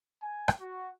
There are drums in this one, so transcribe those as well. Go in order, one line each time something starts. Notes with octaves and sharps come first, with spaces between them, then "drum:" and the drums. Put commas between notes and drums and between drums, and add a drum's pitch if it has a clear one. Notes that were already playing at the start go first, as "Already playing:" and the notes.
G#5
drum: rim click
F#4